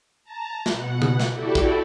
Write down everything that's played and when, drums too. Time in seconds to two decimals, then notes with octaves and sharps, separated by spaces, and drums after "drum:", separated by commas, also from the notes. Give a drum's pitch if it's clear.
0.24 A5 A#5
0.66 B2 F#5, drum: snare
1.02 drum: tom C#3
1.20 drum: snare
1.32 E4 F#4 G4 A4 D5
1.55 drum: kick